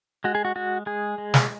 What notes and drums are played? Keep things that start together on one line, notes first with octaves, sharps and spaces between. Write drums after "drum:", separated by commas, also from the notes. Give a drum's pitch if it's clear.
G#3 F#4
G#4
F#4
G#3 F#4
G#3 G#4
G#3
drum: snare